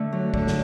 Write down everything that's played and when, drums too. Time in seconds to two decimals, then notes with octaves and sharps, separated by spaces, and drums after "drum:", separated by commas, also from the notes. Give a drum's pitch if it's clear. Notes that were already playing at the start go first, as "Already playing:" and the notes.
Already playing: D3 A3
0.13 F#3
0.34 D3, drum: kick
0.47 drum: snare